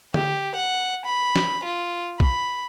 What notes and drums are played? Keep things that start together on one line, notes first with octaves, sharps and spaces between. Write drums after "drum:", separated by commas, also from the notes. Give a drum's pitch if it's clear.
G4, drum: tom
F#5
B5
drum: snare
F4
B5, drum: kick B1